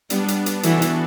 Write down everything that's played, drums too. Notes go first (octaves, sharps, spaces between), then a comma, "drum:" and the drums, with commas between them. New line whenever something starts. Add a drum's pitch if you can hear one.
G3 B3 D4, drum: hi-hat
drum: hi-hat
drum: hi-hat
E3 F#4 A4, drum: hi-hat
drum: hi-hat